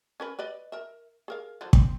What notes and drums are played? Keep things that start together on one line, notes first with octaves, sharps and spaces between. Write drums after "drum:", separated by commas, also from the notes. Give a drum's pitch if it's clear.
C#4 A#4 B4
B4 D5 D#5
A#4 E5
G#4 A#4 F5
D3 F3 F#3
C4, drum: kick